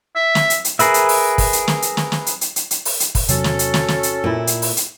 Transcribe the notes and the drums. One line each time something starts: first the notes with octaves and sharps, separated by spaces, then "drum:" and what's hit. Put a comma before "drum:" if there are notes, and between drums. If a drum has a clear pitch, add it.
E5
drum: snare
drum: hi-hat
drum: hi-hat
G#4 A#4 B4 E5, drum: hi-hat
drum: hi-hat
drum: open hi-hat
drum: kick, open hi-hat
drum: hi-hat
drum: snare
drum: hi-hat
drum: snare
drum: snare
drum: hi-hat
drum: hi-hat
drum: hi-hat
drum: hi-hat
drum: open hi-hat
drum: hi-hat
drum: kick, open hi-hat
E2 C3 F#3 C#4 F#4 A4, drum: hi-hat
drum: snare
drum: hi-hat
drum: snare
drum: snare
drum: hi-hat
A#2 E4
drum: hi-hat
drum: open hi-hat
drum: hi-hat